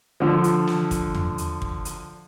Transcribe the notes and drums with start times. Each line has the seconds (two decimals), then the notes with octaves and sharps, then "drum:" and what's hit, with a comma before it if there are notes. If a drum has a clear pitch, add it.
0.20 D3 F3
0.44 drum: hi-hat
0.67 drum: snare
0.91 drum: kick, hi-hat
1.15 drum: tom
1.38 drum: hi-hat
1.62 drum: kick
1.85 drum: hi-hat